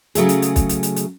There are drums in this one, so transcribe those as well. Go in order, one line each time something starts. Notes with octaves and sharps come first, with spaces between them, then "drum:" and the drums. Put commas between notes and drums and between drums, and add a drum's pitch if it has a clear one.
C#3 F#3 A3 G#4, drum: hi-hat
drum: hi-hat
drum: hi-hat
drum: kick, hi-hat
drum: hi-hat
drum: hi-hat
drum: hi-hat